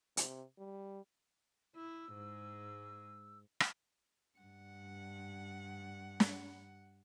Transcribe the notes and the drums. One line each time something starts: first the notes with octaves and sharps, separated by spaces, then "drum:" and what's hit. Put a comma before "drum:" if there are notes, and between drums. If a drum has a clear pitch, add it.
C3, drum: hi-hat
G3
E4 E6
G#2 G#3
drum: rim click
G2 F#5
drum: snare